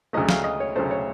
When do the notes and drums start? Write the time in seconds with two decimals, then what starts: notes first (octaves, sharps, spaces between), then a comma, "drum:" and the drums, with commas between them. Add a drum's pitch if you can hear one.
0.13 D2 C#3 F#3 A3 D#5
0.29 F5, drum: snare
0.44 D#5
0.60 C#5
0.75 D2 C#3 F#3 A3 C5
0.91 C#5